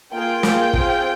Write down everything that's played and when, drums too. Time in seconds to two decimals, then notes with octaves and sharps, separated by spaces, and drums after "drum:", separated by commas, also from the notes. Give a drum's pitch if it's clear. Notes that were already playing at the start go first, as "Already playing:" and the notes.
0.12 A#3 F4 G#4 G5
0.43 A#3 F4 G#4, drum: snare
0.73 C4 F4 G#4, drum: kick